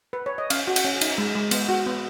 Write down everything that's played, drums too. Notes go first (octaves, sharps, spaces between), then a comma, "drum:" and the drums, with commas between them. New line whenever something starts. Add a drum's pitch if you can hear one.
B4
C#5
D#5
C#4 F5, drum: cymbal
F#4
F#5, drum: cymbal
C#4
D#4, drum: cymbal
G#3
G#3
B3, drum: cymbal
F#4
B3